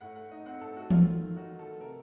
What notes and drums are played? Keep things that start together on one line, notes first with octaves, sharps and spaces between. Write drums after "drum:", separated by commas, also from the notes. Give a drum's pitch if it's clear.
A2 F#5
A3 F#5
D#4 D#5
C4 F#5
A2 A4
A3 F#4
D#3 F4, drum: tom E3
A3
D#3
D#4 F#4
D#3
A4
A3
C3 A#4